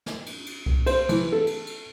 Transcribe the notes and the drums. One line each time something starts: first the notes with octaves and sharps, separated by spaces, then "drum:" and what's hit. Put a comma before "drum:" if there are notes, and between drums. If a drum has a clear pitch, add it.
drum: snare
drum: cymbal
drum: cymbal
drum: kick C2
C5, drum: cymbal
E3, drum: cymbal
A4
drum: cymbal
drum: cymbal